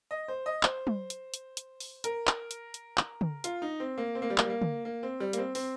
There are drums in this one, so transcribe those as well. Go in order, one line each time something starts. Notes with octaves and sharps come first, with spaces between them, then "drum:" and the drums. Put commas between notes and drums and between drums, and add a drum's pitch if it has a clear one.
D#5
C5
D#5
C5, drum: clap
drum: tom
drum: hi-hat
drum: hi-hat
drum: hi-hat
drum: open hi-hat
A#4, drum: hi-hat
drum: clap
drum: hi-hat
drum: hi-hat
drum: clap
drum: tom
F4, drum: hi-hat
D#4
C4
A#3
C4
A#3
G3
A#3, drum: clap
G3
A#3
drum: tom
A#3
C4
G3
A#3, drum: hi-hat
C4
C4, drum: open hi-hat